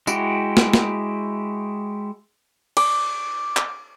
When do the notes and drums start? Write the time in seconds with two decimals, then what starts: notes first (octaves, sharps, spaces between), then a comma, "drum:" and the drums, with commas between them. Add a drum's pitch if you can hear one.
0.07 G#3 E4 F#4 G4, drum: tambourine
0.57 drum: snare
0.74 drum: snare
2.77 D6, drum: cymbal
3.57 drum: clap